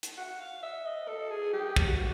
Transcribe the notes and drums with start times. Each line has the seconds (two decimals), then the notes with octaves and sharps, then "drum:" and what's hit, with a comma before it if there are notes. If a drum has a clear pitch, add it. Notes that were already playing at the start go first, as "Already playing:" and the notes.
0.03 drum: hi-hat
0.18 F#5
0.40 F5
0.63 E5
0.86 D#5
1.08 A4
1.31 G#4
1.53 G4
1.76 drum: kick
1.88 F#4